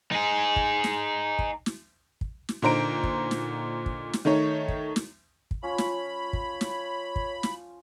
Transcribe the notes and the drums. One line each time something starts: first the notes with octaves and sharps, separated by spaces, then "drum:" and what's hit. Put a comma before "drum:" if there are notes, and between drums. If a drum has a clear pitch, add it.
D#4 G#4
drum: kick
drum: snare
drum: kick
drum: snare
drum: kick
drum: snare
A#2 D3 D#4 C5 A#5 D7
drum: kick
drum: snare
drum: kick
drum: snare
D#3 A3 D#4 C#5
drum: kick
drum: snare
drum: kick
F3 C#4 F4 C#5 B5
drum: snare
drum: kick
drum: snare
drum: kick
drum: snare